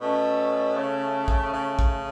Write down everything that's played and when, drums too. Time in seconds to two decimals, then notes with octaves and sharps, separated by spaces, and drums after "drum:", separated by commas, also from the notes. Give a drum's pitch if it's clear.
0.01 B2 A3 C#4
0.77 C#3
1.28 drum: kick A1
1.53 C#3
1.79 drum: kick A1